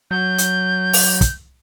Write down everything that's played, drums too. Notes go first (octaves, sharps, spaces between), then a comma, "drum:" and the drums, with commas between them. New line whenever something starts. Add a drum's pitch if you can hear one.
F#3 G6
drum: hi-hat
drum: open hi-hat
drum: kick, hi-hat